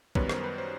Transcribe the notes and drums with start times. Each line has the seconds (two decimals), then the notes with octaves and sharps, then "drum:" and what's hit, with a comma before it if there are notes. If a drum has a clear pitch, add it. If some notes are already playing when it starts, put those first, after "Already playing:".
0.15 F#2 D#3 G3 B3 B4 C#5, drum: kick
0.29 A#4 C5, drum: rim click
0.44 B4
0.58 C5